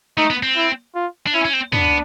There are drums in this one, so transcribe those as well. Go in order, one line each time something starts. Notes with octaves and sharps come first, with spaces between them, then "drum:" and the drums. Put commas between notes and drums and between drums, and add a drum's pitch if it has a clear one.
A3 D#4
B3
C4
E4
F4
D4
C#4 E4
C#4
C4
B3 D4, drum: tom